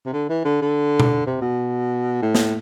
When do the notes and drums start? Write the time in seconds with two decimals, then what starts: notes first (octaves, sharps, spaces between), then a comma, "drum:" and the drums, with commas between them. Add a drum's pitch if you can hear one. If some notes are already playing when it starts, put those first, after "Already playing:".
0.06 C3
0.13 D3
0.29 E3
0.45 D3
0.62 D3
1.00 drum: tom B2
1.26 C3
1.41 B2
2.22 A2
2.35 drum: snare